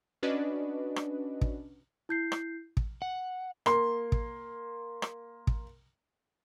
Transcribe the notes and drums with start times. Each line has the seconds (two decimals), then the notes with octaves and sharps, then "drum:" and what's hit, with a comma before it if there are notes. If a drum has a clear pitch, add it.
0.23 C#4 D4 F#4 B4 D5 D#5
0.96 drum: rim click
1.41 drum: kick
2.09 E4 G6 C7
2.32 drum: rim click
2.77 drum: kick
3.02 F#5
3.66 A#3 C6, drum: rim click
4.12 drum: kick
5.02 drum: rim click
5.47 drum: kick